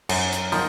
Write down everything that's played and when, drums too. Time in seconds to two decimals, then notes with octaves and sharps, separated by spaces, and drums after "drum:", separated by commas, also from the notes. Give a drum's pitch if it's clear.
0.09 F#2, drum: cymbal
0.32 drum: hi-hat
0.52 D#3 F3 D#4, drum: open hi-hat